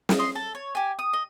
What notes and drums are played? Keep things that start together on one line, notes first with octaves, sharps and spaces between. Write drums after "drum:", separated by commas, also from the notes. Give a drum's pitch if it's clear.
drum: snare
D#5 C6
A4
C#5
G4 G#5
D#6
D#5